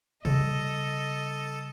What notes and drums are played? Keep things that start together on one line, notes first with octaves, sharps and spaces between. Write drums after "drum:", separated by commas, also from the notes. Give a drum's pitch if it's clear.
C#3 G3 A4 D#5, drum: tom B2